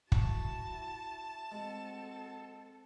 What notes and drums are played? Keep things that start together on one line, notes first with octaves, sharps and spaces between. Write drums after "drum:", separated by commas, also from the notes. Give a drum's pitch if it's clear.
E4 F#4 C#5 A5, drum: kick
G#3 C4 F#4 A4